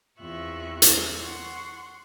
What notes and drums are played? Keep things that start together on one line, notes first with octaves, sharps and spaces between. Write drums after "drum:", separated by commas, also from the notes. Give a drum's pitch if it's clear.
E2 C4 F4 E5 C#6 F#6
drum: hi-hat
F#5 C6 C#6